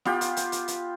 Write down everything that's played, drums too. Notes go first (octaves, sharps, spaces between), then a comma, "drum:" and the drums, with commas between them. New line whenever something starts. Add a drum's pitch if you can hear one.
B3 F4 G4, drum: snare E4
drum: hi-hat
drum: hi-hat
drum: hi-hat
drum: hi-hat